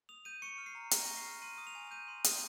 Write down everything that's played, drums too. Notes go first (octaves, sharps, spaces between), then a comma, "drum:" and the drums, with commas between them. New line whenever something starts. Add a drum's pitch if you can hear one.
D#6 F7
G6 D#7
C#6 C#7
F6
C7
A#5
A#5 A#6, drum: hi-hat
C#6
C7
F6
C6 D#7
D#6
F7
G#5
G6 D#7
C6
D#6, drum: hi-hat